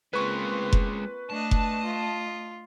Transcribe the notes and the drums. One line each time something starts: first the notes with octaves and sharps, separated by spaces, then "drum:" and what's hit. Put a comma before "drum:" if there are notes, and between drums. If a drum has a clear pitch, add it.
G#3 A#3 C4 C#4 F4 B4 C#6
drum: kick F1
A3 D4 D#5 A5
drum: kick F1
F4